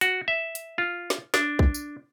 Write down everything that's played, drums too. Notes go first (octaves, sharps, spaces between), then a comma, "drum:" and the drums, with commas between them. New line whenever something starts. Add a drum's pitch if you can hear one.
F#4, drum: hi-hat
E5
drum: hi-hat
F4
drum: snare
D4, drum: snare
drum: kick B1
drum: tambourine